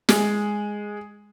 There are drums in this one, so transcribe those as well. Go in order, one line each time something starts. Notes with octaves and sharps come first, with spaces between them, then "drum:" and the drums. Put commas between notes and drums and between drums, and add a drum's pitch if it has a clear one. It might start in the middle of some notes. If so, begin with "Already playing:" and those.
G#3, drum: snare